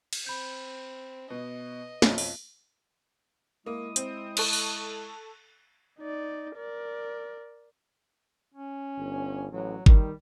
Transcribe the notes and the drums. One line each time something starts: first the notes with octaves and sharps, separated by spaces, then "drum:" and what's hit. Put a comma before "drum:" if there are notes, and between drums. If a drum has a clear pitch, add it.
drum: cymbal
C4 B5 G6
B2 B4 D#5
B1 F2 C#4, drum: snare
drum: open hi-hat
G#3 A#3 E4 D#6
C4, drum: hi-hat
A4 C#6 F#6, drum: cymbal
drum: open hi-hat
D#4 D5
A#4 D5
C#4
G1
A1 F#3
D#3 G3, drum: kick G1